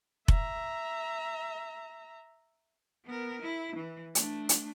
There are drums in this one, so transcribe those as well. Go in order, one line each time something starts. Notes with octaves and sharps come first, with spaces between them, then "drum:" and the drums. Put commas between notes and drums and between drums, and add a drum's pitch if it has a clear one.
E5 A#5, drum: kick F1
B3 A#4
E4
E3
A3 D4, drum: hi-hat
drum: hi-hat